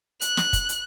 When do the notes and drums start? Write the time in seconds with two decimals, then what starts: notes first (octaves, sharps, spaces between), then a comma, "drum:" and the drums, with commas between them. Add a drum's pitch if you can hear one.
0.21 F#6, drum: hi-hat
0.37 drum: snare
0.53 drum: kick, hi-hat
0.69 drum: hi-hat